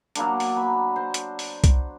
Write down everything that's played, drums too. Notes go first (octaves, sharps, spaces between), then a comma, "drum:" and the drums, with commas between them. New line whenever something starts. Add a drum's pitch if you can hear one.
F#3 A#3 B3 D4, drum: hi-hat
drum: open hi-hat
B5
C5
drum: hi-hat
drum: open hi-hat
drum: kick C2, hi-hat